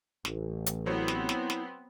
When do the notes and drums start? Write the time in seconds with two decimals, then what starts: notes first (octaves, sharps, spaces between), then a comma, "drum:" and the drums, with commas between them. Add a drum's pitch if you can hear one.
0.25 A1, drum: snare
0.66 drum: hi-hat
0.86 F#3 B3 C4 E4 C5 C#5
1.08 drum: snare
1.29 drum: snare
1.50 drum: snare